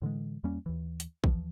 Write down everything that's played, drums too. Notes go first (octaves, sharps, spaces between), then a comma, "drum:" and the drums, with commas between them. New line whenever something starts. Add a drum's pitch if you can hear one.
A2 D3 E3 G#3
E2 G3 A#3 C#4
D#2 E3
drum: hi-hat
D#2 E3 F3, drum: kick